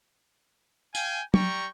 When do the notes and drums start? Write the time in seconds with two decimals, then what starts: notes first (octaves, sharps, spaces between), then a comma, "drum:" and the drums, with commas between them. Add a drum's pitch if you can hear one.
0.95 F5 G5 G#5, drum: tambourine
1.34 G3 G5 A#5 C#6, drum: tom